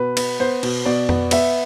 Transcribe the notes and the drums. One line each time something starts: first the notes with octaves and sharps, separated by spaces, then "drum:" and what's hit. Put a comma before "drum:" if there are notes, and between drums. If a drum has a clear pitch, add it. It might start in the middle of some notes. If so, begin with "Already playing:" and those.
Already playing: B2 B4
B3, drum: cymbal
B3 C5
B2, drum: cymbal
B2 D5
B3, drum: tom F2
B3 E5, drum: cymbal